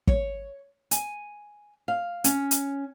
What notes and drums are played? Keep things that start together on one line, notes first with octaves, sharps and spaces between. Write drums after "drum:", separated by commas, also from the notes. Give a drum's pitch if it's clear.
C#5, drum: kick
G#5, drum: hi-hat
F5
C#4, drum: hi-hat
drum: hi-hat